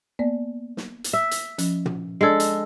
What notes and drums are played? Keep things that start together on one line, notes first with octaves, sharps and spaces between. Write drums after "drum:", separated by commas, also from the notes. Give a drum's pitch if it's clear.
A#3 B3 D5
drum: snare
drum: hi-hat
E5
drum: hi-hat
F3 C#4, drum: hi-hat
drum: tom
G#3 D4 A4 D5 G#6
drum: hi-hat